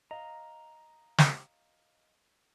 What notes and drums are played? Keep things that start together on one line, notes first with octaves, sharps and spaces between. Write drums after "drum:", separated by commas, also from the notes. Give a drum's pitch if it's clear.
D#5 F5 A#5
drum: snare